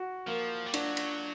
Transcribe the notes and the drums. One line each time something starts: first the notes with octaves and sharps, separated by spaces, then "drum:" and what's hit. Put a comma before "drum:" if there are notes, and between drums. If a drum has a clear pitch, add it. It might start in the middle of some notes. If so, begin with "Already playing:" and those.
Already playing: F#4
F3 A#3
G3
F#3 D4, drum: cymbal
drum: cymbal